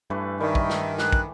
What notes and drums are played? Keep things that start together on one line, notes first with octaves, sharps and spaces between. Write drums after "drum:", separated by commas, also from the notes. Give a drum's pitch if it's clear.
G2 E3 A3 B4
D#3 G3 E5
drum: kick
drum: snare
F#6, drum: snare
drum: kick